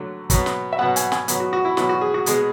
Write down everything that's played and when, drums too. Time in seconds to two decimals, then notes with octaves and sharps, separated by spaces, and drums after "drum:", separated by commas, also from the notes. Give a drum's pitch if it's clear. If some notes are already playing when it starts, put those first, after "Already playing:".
Already playing: D3 F#3 A3
0.30 B2 F#3 B3, drum: kick, hi-hat
0.46 drum: snare
0.73 E5
0.79 B2 F#3 B3 F#5
0.96 G#5, drum: hi-hat
1.12 G#5, drum: snare
1.28 B2 F#3 B3, drum: hi-hat
1.40 F#4
1.53 F#4
1.65 E4
1.77 B2 F#3 B3 E4, drum: snare
1.89 F#4
2.01 G#4
2.14 F#4
2.26 B2 G#3 B3 G#4, drum: hi-hat